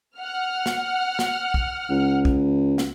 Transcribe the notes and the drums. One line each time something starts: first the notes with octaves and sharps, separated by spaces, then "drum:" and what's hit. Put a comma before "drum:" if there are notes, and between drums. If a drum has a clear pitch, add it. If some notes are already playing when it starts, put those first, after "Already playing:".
F#5 F6
drum: snare
drum: snare
drum: kick
C#2
drum: kick
drum: snare